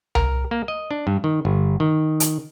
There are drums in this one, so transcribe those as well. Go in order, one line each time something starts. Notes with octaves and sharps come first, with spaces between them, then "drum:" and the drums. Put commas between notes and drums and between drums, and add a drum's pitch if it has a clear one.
A#4, drum: tom C2
A#3
D#5
D4
G2
D#3
G1
D#3
drum: hi-hat